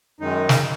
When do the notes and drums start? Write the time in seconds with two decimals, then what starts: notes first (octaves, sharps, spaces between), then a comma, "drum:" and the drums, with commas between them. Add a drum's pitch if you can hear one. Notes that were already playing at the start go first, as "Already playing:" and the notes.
0.20 F#2 D#3 G#3 D#4
0.49 drum: snare